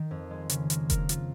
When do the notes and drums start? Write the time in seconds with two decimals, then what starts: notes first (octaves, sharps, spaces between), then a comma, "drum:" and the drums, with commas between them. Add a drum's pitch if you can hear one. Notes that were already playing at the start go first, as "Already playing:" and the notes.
Already playing: D#3
0.11 F2
0.31 G#3
0.50 C#3, drum: hi-hat
0.70 A#3, drum: hi-hat
0.90 A#4, drum: kick F1, hi-hat
1.09 F4, drum: hi-hat